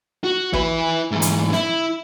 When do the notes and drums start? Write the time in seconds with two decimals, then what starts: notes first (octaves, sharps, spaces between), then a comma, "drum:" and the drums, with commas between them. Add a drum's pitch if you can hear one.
0.24 F#4
0.54 E4 B4, drum: kick
1.11 G#2 E3
1.22 drum: hi-hat
1.53 E4, drum: snare